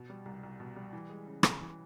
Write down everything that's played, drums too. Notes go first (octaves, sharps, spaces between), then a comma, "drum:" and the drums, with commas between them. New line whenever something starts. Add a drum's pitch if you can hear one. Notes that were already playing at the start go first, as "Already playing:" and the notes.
Already playing: B2
G3
C2
C2
B2
G3
E3
G#3
C#3
C#3, drum: rim click
E3